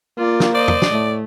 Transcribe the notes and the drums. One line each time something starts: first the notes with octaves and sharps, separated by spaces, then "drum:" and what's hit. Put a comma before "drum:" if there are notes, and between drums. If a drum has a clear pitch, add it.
A#3 F4 D5
drum: snare
C5 D5 D#5
drum: tom E2
drum: snare
A2 A3